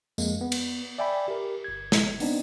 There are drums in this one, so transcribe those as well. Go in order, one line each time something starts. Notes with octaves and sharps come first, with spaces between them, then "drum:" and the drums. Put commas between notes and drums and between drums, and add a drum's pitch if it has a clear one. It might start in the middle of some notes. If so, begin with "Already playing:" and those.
F2 G#3 A#3, drum: tambourine
B3
drum: cymbal
D5 E5 G5 G#5 B5
G4 A#4
G1 G#6
drum: snare
B3 C4 D4 D#4, drum: open hi-hat